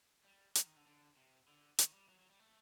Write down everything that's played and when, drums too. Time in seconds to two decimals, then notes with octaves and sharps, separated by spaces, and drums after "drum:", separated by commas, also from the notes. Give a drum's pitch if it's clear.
0.25 G3
0.55 F#3, drum: hi-hat
0.66 D#3
0.76 D3
0.87 D3
1.17 C3
1.48 D3
1.79 D#3, drum: hi-hat
1.93 G3
2.09 F#3
2.19 F#3
2.30 G3
2.39 A3